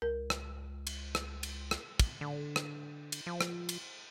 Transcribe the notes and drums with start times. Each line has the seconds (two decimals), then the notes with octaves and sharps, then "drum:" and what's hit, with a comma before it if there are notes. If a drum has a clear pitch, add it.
0.02 C#2 A#4
0.30 drum: rim click
0.87 drum: cymbal
1.15 drum: rim click
1.43 drum: cymbal
1.71 drum: rim click
1.99 drum: kick, cymbal
2.21 D3
2.56 drum: rim click
3.12 drum: cymbal
3.26 F3
3.41 drum: rim click
3.69 drum: cymbal